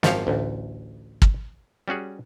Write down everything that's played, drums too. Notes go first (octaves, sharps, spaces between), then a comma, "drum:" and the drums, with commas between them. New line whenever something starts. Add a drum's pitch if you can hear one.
G#1 F#2 F3 G4 C#5 F5, drum: snare
A1 D2
drum: kick
G3 C#4 F#4 G#4